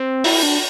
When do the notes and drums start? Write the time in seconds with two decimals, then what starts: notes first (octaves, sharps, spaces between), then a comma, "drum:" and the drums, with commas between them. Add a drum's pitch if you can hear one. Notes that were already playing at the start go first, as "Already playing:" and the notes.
Already playing: C4
0.24 E4, drum: open hi-hat
0.43 D4